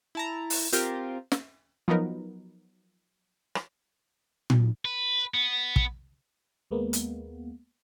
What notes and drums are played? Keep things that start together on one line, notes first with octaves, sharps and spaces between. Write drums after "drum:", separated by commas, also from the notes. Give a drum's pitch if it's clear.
E4 A5 A#5
drum: open hi-hat
C4 F4 G4 A#4, drum: hi-hat
drum: snare
F3 F#3 B3 D#4 A#4 B4
drum: rim click
drum: tom A#2
B4
B3
drum: kick
D#2 G#3 A#3 B3
drum: hi-hat